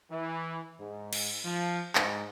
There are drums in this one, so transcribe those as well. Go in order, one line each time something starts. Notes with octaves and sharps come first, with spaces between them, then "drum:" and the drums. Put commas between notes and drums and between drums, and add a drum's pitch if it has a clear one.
E3
G#2
drum: cymbal
F3
G#2, drum: clap